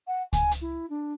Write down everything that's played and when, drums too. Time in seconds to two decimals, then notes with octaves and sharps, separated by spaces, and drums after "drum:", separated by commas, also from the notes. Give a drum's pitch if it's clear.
0.07 F#5
0.33 G#5, drum: kick C#2, hi-hat
0.51 drum: hi-hat
0.61 E4
0.90 D4